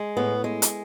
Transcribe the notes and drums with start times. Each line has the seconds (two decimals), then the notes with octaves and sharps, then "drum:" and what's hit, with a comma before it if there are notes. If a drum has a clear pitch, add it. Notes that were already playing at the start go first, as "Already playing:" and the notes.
Already playing: G#3
0.17 A2 B3
0.44 G#3
0.62 drum: hi-hat